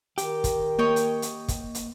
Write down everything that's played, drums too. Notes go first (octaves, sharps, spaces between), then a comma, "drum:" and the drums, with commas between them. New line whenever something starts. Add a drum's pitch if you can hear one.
D#3 G4, drum: hi-hat
drum: kick, hi-hat
A#3 C#5 D#5 G5
drum: hi-hat
drum: hi-hat
drum: kick, hi-hat
drum: hi-hat